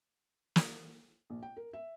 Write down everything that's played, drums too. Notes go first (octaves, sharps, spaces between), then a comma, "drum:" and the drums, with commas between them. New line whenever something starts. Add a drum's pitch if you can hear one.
drum: snare
A#1
G5
A#4
E5